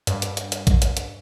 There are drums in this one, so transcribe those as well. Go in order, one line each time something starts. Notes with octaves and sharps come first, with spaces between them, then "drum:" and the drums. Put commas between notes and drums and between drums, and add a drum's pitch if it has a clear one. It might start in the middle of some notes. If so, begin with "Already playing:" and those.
G2, drum: hi-hat
drum: hi-hat
drum: hi-hat
drum: hi-hat
drum: kick, hi-hat
drum: hi-hat
drum: hi-hat